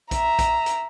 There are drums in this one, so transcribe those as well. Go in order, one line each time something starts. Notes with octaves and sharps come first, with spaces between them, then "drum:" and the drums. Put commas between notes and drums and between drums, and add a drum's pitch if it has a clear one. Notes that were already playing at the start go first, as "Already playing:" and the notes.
E5 A#5, drum: kick B1, hi-hat
drum: kick B1, hi-hat
drum: hi-hat